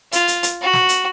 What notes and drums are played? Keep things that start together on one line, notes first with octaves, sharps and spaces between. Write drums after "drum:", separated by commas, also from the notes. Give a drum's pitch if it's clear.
F4, drum: hi-hat
drum: hi-hat
drum: hi-hat
F#4
drum: snare
drum: hi-hat